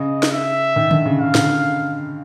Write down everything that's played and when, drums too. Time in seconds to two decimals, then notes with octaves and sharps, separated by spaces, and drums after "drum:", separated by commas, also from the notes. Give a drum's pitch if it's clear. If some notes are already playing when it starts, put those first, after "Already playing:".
Already playing: C#3 D#5
0.23 drum: snare
0.32 E5
0.76 D#3
0.91 D3, drum: tom D3
1.05 C#3
1.19 C#3 F5
1.35 D3, drum: snare